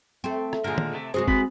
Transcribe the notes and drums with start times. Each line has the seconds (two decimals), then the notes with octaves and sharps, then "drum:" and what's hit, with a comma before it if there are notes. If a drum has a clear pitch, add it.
0.24 A3 C4
0.53 drum: rim click
0.64 A#2 D3 G#3 A#4
0.78 drum: tom
0.93 C3 A3
1.14 C3 G#3 F#4 G#4 C5
1.28 B3 C4 B5, drum: kick